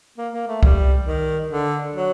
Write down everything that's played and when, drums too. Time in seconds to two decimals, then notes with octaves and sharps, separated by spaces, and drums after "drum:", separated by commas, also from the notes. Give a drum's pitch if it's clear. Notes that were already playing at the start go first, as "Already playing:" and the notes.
0.18 A#3
0.33 A#3
0.48 A3
0.63 G3, drum: kick C2
1.06 D#3
1.51 D3
1.95 F#3